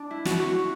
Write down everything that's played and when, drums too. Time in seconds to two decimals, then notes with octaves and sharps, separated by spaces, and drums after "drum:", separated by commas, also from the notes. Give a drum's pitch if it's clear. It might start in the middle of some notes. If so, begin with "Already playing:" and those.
Already playing: D4
0.11 E4
0.25 F#4, drum: snare
0.40 F#4